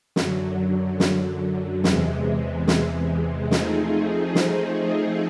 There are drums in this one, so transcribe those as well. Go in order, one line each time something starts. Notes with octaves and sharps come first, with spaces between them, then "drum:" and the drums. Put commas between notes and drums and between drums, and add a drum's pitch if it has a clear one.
F#2 D3 F#3, drum: snare
drum: snare
E2 C3 E3 G#3, drum: snare
drum: snare
F3 A3 C4 D#4 G#4, drum: snare
drum: snare